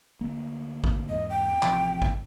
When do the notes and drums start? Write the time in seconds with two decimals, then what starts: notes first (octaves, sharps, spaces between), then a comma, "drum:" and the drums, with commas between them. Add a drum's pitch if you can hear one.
0.21 D2 A#3
0.84 drum: kick G#1
1.09 E2 G#2 D#5
1.30 G5
1.62 A1 C3 F3, drum: clap
2.02 drum: kick G#1